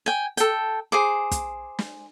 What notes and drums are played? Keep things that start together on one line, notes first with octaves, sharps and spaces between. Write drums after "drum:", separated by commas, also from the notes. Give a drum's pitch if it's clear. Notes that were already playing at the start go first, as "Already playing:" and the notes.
G5 G#5
A4 G5, drum: hi-hat
G#4 C5 D6
drum: kick, hi-hat
drum: snare